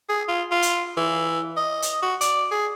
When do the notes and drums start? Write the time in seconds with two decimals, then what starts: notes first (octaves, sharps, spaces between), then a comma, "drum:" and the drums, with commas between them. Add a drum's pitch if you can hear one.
0.09 G#4
0.29 F4
0.51 F4
0.62 drum: hi-hat
0.97 E3
1.57 D#5
1.82 drum: hi-hat
2.02 F#4
2.21 D5, drum: hi-hat
2.51 G#4